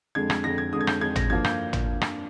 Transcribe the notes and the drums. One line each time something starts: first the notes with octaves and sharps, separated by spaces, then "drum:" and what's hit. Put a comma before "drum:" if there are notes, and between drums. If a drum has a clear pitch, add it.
F2 D3 G#3 G#6
G#6, drum: rim click
F2 D3 G#3 A#6
G#6
F2 D3 G#3 D#6
G#6
G6, drum: rim click
F2 D3 G#3 G#6
A#6, drum: tom
G2 F3 A#3 F4 G#6
G6, drum: rim click
drum: tom
drum: rim click